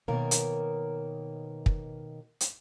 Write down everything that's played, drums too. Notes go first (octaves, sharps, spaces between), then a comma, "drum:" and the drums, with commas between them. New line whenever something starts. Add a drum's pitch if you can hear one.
B2 D#3 A#3 A#4 C#5
drum: hi-hat
drum: kick
drum: hi-hat